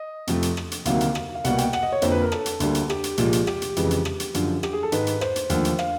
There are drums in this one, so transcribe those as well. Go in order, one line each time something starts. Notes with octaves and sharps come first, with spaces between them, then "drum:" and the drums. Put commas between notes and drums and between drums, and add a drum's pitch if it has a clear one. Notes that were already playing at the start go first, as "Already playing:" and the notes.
Already playing: D#5
F2 C3 F3 A3, drum: hi-hat
drum: hi-hat
drum: rim click
drum: hi-hat
D2 C3 D#3 F#3 A#3 F5, drum: hi-hat
drum: hi-hat
drum: rim click
F5
C2 B2 G3 A#3 F#5, drum: hi-hat
G5, drum: hi-hat
F#5, drum: rim click
D#5
C#5
F2 D3 F3 A#3 C5, drum: hi-hat
B4
A#4
A4, drum: rim click
drum: hi-hat
D2 D3 G3 A#3, drum: hi-hat
drum: hi-hat
G4, drum: rim click
drum: hi-hat
C2 A#2 F3 G#3, drum: hi-hat
drum: hi-hat
G4, drum: rim click
drum: hi-hat
F2 C#3 E3 G#3, drum: hi-hat
drum: hi-hat
drum: rim click
drum: hi-hat
F#2 D3 F3, drum: hi-hat
G4, drum: rim click
G#4
A4
G#2 D#3 G#3 B4, drum: hi-hat
drum: hi-hat
C5, drum: rim click
drum: hi-hat
D#2 D3 F3 A3, drum: hi-hat
drum: hi-hat
F5, drum: rim click